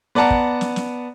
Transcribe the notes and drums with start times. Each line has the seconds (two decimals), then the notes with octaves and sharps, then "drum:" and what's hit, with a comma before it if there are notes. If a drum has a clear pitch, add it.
0.15 B3 D5 F#5 A5 A#5 D6
0.30 drum: kick
0.61 drum: snare
0.76 drum: snare